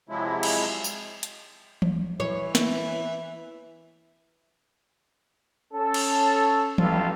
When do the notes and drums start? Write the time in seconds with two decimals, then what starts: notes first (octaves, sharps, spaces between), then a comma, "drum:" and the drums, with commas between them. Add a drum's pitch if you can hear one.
0.09 C3 F3 F#3 G#3 E4
0.43 drum: cymbal
0.84 drum: tambourine
1.23 drum: hi-hat
1.82 drum: tom E3
2.20 E3 C#5
2.55 E5, drum: snare
5.73 C#4 A4
5.94 drum: cymbal
6.78 A1 G2 B2 G3 F4 A4, drum: tom E3